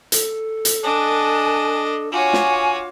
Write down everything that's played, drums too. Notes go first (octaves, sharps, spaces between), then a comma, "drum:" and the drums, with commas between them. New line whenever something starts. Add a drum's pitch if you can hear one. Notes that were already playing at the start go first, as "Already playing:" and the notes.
A4, drum: hi-hat
drum: hi-hat
D4 D#5 G#5 A5 F#6
F4 F#4 C#5 G#5 D6
drum: snare